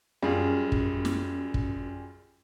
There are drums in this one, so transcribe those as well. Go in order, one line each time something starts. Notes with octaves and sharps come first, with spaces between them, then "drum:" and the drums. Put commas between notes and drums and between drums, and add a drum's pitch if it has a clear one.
F#2 G3 F4 G#4
drum: kick
drum: snare
drum: kick